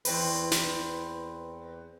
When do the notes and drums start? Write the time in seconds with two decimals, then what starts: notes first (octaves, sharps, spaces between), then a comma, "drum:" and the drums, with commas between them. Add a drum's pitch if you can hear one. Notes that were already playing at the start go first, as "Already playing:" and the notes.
0.05 E2 C4 B4, drum: open hi-hat
0.51 drum: snare